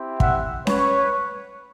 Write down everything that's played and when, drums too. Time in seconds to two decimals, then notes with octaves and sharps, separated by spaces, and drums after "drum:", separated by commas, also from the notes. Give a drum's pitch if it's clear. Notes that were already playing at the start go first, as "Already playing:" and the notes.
Already playing: C4 E4 G4
0.20 E5 F#5, drum: kick
0.67 B4 C#5, drum: snare C#4